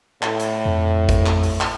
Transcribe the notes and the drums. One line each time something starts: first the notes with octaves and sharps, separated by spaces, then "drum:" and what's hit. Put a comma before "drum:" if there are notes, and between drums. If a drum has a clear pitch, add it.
A2, drum: clap
drum: hi-hat
F2
drum: kick G#1, hi-hat
drum: clap
drum: open hi-hat
drum: clap